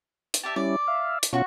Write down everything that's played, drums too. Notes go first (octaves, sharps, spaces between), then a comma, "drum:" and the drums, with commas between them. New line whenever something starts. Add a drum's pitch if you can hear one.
drum: hi-hat
G4 D5 E5 A5
G3 C#4 E4 D5
E5 F5
drum: hi-hat
B2 C#4 F4 F#4 C#6